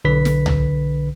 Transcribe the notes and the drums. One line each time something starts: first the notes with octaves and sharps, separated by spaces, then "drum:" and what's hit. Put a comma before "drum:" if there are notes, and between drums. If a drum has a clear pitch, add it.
B1 D3 B4 B6
drum: snare
drum: tom C#2